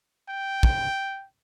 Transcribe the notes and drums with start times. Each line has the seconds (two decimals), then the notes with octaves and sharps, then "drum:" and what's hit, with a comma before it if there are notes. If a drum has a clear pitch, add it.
0.29 G5
0.63 drum: kick